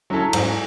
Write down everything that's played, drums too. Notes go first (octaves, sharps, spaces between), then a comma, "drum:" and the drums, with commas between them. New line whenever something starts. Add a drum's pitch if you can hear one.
F#3 C#4 E4 A4
G#2, drum: cymbal